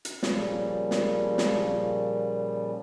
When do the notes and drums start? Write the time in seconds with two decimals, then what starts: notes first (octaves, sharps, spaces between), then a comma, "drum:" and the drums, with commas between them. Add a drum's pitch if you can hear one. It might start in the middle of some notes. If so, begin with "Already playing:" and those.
0.05 drum: hi-hat
0.23 A#2 C#3 F3 G3, drum: snare
0.91 drum: snare
1.38 drum: snare